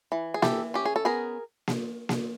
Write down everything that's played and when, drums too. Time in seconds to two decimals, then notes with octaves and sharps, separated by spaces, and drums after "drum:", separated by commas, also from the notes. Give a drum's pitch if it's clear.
0.12 E3
0.34 G#4
0.42 E3 G4 A4, drum: snare A#3
0.74 C#4 G4
0.85 G#4
0.96 A4
1.05 B3 G#4 A#4
1.68 drum: snare A#3
2.09 drum: snare A#3